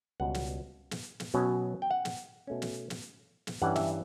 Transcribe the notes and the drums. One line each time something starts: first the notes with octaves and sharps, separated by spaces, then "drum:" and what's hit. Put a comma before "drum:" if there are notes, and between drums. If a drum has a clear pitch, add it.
C#2 B2 G3 B3 F#5
drum: snare
drum: snare
drum: snare
B2 F#3 C#4
G5
F#5
drum: snare
B2 A3 C#4
drum: snare
drum: snare
drum: snare
G2 E3 G3 C#4 F#5
E5, drum: snare